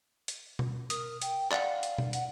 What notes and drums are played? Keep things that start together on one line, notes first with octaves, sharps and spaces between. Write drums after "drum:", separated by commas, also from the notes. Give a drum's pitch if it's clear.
drum: hi-hat
drum: tom B2
A#4 D#6, drum: hi-hat
G5, drum: hi-hat
D5 F5 F#5, drum: clap
drum: hi-hat
drum: tom B2
F#5, drum: hi-hat